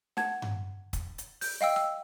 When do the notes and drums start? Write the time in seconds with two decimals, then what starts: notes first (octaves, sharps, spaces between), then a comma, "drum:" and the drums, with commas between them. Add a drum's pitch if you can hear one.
0.17 F#5 A5 G#6, drum: snare
0.42 drum: tom G2
0.93 drum: kick, hi-hat
1.18 drum: hi-hat
1.41 G6, drum: open hi-hat
1.61 D#5 F5 G5 E6
1.76 E6